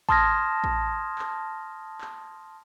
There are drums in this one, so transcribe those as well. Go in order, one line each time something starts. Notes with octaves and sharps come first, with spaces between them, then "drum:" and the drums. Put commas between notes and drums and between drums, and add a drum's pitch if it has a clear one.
A5 C6 D#6 F6 G#6 A#6, drum: kick A1
drum: kick A1
drum: clap
drum: clap